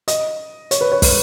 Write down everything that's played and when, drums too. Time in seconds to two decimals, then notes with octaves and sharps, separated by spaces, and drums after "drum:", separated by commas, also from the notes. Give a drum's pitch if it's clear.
0.08 D#5, drum: hi-hat
0.71 C#5, drum: hi-hat
0.81 B4
0.92 C#5
1.02 B4, drum: kick, open hi-hat